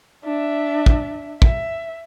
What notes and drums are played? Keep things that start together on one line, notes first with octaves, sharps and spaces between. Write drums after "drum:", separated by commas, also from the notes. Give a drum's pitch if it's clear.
D4 E5
drum: kick
E5, drum: kick